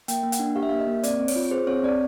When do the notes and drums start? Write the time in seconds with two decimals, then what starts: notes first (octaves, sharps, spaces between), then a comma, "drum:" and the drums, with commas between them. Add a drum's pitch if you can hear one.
0.08 A#3 G5, drum: hi-hat
0.23 A#3
0.32 F#5, drum: hi-hat
0.39 D4
0.56 G4 F5
0.63 E5
0.69 A#3 F5
0.79 D#5
0.87 A#3
1.03 C4 D5, drum: hi-hat
1.20 C4
1.28 C#5, drum: open hi-hat
1.36 F4
1.51 G#4 C5
1.67 C4 C#5
1.83 C4 D5